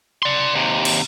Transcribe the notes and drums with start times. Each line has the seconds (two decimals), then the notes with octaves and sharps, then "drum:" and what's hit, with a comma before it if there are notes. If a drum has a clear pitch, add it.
0.23 D5 C6
0.55 D#2 C3
0.85 drum: cymbal